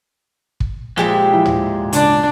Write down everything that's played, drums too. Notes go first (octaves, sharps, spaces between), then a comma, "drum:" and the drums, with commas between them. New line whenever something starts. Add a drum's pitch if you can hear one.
drum: kick
A#2 F3 G#3 G4 G#4 E5 G5
F3 E4
drum: tom
C#3 D4 D5, drum: hi-hat